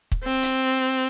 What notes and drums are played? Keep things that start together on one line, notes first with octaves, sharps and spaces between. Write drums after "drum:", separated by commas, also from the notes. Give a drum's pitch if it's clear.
drum: kick
C4
drum: hi-hat